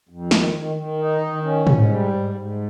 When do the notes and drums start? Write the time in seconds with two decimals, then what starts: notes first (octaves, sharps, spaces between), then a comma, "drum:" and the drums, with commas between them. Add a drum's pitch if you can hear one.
0.09 F2
0.31 D#3, drum: snare
0.53 D#3
0.76 D#3
0.99 D#4
1.21 D#3
1.44 C#4
1.67 G#2, drum: tom
1.89 G3
2.12 G#2
2.34 G#2